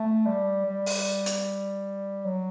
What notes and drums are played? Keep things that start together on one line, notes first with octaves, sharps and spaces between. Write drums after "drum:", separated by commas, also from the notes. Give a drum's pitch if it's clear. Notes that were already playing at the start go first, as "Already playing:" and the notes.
Already playing: A3
G3
G3
drum: open hi-hat
drum: hi-hat
F#3